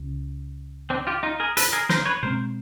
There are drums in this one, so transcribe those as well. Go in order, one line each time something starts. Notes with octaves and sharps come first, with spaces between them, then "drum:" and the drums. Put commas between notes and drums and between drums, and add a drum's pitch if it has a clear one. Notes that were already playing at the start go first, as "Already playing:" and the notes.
Already playing: C#2
C4 D4
F4 G4
D#4 F4
G#4 A#4
A4 B4, drum: hi-hat
G#4 A#4
A#4 C5, drum: snare
B4 C#5
B2 G#3 C4 A#4 C5